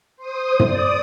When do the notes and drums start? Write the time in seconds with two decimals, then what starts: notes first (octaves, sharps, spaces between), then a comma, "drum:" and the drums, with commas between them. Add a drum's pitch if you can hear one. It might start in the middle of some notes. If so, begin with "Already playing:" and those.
0.17 C5 D#6
0.60 D5 D#6, drum: tom